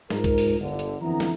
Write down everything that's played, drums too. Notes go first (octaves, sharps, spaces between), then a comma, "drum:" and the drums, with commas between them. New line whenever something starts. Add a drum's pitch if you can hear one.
G#2 F4 G#4 A#4, drum: snare
drum: kick, hi-hat
drum: open hi-hat
G1 D3
drum: hi-hat
F2 D3 E3 B3 E4 A#5
drum: snare